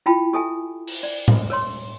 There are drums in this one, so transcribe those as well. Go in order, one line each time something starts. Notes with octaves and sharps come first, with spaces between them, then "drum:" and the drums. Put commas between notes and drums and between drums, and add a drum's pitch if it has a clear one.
E4 F4 G5 A5 B5
G4 A4 E5 G#5
drum: open hi-hat
D5
drum: tom A2
A#4 C#5 C6